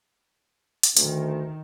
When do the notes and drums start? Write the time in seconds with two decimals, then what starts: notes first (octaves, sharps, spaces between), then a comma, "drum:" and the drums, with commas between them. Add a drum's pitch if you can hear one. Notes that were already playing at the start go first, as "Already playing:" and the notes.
0.83 drum: hi-hat
0.97 D2 D#3, drum: hi-hat